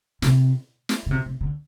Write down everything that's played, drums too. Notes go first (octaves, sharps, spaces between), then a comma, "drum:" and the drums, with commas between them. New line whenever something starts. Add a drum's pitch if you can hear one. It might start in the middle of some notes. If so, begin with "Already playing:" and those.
C3, drum: snare
drum: snare
D3
C3
C3
D3